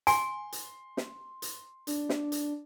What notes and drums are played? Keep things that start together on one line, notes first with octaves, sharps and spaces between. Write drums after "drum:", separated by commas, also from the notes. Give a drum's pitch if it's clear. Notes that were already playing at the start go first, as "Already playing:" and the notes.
G#5 C6, drum: hi-hat
drum: hi-hat
drum: snare
drum: hi-hat
D4, drum: hi-hat
drum: snare
drum: hi-hat